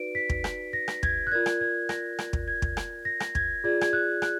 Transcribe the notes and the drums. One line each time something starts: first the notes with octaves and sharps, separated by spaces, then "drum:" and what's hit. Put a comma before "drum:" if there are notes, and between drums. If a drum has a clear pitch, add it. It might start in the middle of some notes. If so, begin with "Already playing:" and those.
Already playing: D#4 F#4 B4 D5 D7
B6
drum: kick
drum: rim click
A#6
drum: rim click
G#6, drum: kick
F#6
F4 A#4 D5 G#6
drum: rim click
G#6
A#6, drum: rim click
drum: rim click
drum: kick
G#6
drum: kick
drum: rim click
A#6
drum: rim click
G#6, drum: kick
F4 G#4 D5 G#6
G#6, drum: rim click
F#6
F#6, drum: rim click